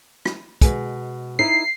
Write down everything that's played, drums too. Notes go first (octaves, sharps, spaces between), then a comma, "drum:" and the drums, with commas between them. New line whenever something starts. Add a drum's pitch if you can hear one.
drum: rim click
B2 G#3, drum: kick, hi-hat
D#4 E4 C7